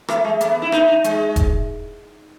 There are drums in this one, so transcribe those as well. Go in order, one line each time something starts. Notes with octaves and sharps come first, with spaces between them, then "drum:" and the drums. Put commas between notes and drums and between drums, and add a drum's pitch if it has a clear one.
A3, drum: rim click
G#3
A3, drum: hi-hat
B3
E4
D#4, drum: rim click
D#4
G#3, drum: hi-hat
drum: kick E1, hi-hat